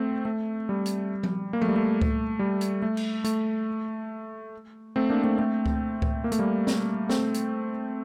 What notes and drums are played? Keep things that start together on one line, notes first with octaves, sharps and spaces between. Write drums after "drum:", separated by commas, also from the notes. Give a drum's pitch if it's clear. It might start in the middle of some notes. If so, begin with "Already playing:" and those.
Already playing: A3 C4
A3
G3
drum: hi-hat
drum: tom F3
A#3
A3, drum: tom F3
G3
A3
drum: kick C#2
G3
drum: hi-hat
A3
drum: cymbal
A3, drum: hi-hat
A3 C4
A#3 D4
A3 C4
A3 C4
drum: kick C#2
drum: kick C#2
A#3
A3, drum: hi-hat
G3 A#3
drum: snare C4
A3 C4, drum: snare C4
drum: hi-hat